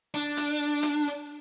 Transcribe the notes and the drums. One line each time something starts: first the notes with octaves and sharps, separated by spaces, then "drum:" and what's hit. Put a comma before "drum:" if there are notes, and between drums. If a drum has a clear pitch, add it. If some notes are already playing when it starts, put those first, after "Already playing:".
D4
drum: hi-hat
drum: hi-hat